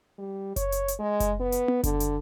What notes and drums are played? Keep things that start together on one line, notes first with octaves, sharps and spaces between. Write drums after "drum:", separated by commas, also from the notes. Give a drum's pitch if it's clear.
G3
C#5, drum: kick F#1, hi-hat
drum: hi-hat
drum: hi-hat
G#3
drum: kick F#1, hi-hat
B3
drum: hi-hat
drum: tom B3
D3, drum: kick F#1, hi-hat
drum: hi-hat